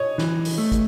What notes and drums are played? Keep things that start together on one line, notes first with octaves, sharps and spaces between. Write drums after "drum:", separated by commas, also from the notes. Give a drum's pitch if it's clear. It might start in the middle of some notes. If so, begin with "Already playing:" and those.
Already playing: C#5 D#5
E3, drum: snare
drum: open hi-hat
A3
drum: kick, hi-hat